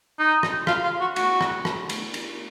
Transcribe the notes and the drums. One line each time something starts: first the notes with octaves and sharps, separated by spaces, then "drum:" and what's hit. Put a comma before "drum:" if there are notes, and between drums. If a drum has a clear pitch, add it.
D#4
drum: rim click
F4, drum: rim click
F4
F#4
F#4, drum: cymbal
drum: rim click
drum: rim click
drum: cymbal
drum: cymbal